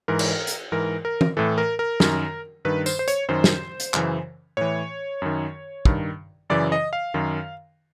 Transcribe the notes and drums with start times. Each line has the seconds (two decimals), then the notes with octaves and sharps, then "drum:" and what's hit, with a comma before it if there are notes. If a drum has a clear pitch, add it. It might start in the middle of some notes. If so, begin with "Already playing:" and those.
0.08 G#2 E3 A#4
0.19 drum: cymbal
0.47 drum: hi-hat
0.72 G#2 E3 A#4
1.05 A#4
1.21 drum: tom E3
1.37 A2 E3 A4
1.58 A#4
1.79 A#4
2.00 F#2 D#3, drum: snare
2.65 G2 D#3 B4
2.86 C5, drum: tambourine
2.99 C5
3.08 C#5, drum: hi-hat
3.29 F#2 D#3 C5
3.44 drum: snare
3.80 drum: hi-hat
3.94 F#2 C#3 E3, drum: clap
4.57 A2 E3 C#5
5.22 F#2 D#3
5.85 G2 D#3, drum: kick
6.50 F#2 C#3 E3 D5
6.72 D#5
6.93 F5
7.14 F#2 D#3